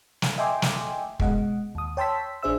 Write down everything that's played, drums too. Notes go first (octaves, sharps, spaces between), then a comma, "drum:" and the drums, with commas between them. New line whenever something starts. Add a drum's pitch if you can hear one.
drum: snare
D#5 E5 G5 G#5 C6 D6
drum: snare
B2 G#3 D#5 F#5, drum: kick
D#2 D#6
C#5 G5 A5 C6 E6 B6
A1 D4 G#4 C5 E5 E6